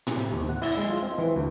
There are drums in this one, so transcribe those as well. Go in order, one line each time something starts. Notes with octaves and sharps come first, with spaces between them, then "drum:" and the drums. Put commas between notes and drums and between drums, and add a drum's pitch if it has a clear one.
drum: tom A2
C3
D#2
F#5
E4, drum: open hi-hat
G#3
F4
C4
E3
D2